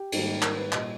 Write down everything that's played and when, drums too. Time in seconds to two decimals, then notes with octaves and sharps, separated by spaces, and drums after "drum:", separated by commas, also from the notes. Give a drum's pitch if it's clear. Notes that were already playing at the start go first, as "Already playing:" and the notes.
Already playing: G4
0.12 G#2 D#3 G3 A#3, drum: cymbal
0.42 A#4, drum: clap
0.57 B4
0.72 A#2 G3 A#3 D#5, drum: clap